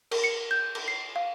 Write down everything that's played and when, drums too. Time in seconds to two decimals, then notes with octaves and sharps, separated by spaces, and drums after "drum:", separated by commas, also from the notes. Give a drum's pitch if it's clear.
0.11 A#4, drum: cymbal
0.24 C#7
0.51 G6
0.75 drum: cymbal
0.88 C7
1.16 F5